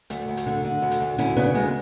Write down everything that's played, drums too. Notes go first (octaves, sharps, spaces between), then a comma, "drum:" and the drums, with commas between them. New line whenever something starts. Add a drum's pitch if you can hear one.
D2 A3, drum: hi-hat
D2
drum: hi-hat
D3
D3
D2
drum: hi-hat
D2
D2 C#4 E4, drum: hi-hat
C#3 B3 D4
D2 G#3 B3